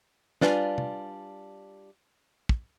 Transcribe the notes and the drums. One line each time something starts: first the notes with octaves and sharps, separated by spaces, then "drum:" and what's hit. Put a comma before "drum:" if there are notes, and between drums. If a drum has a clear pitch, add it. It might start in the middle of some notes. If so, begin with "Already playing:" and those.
G3 D4 F4 B4 G#5, drum: snare
drum: tom
drum: kick